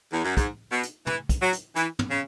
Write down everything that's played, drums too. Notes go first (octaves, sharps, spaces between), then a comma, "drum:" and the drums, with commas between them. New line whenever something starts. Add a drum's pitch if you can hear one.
E2
F#2
G#2, drum: kick, hi-hat
B2
drum: hi-hat
E3, drum: tom
drum: kick, hi-hat
F#3
drum: hi-hat
E3, drum: hi-hat
drum: tom
C#3